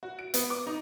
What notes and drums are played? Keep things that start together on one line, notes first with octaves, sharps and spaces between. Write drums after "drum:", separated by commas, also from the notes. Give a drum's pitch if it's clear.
F#4
D7
B3, drum: hi-hat
D6
D#4